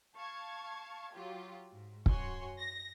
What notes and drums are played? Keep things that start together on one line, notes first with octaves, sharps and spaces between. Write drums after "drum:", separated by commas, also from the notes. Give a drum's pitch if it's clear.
F5 A5 C#6 G#6
F#3 F4 G4
G#2
F#2 F#4 C#5 G#5 C6 C#6, drum: kick
A#6